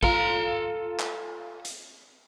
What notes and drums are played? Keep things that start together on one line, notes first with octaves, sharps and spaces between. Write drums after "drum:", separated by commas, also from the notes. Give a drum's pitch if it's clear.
F4 A4 A#5, drum: kick
drum: clap
drum: hi-hat